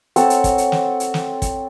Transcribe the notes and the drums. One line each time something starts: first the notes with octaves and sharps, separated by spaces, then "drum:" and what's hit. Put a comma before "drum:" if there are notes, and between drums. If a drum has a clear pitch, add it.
C4 A4 C#5 F#5, drum: hi-hat
drum: hi-hat
drum: kick, hi-hat
drum: hi-hat
drum: snare
drum: hi-hat
drum: snare
drum: kick, hi-hat